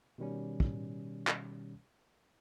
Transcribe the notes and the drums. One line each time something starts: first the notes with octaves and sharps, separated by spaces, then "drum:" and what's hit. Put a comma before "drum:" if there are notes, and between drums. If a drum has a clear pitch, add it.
B2 D#3 G3 C#4
drum: kick
drum: clap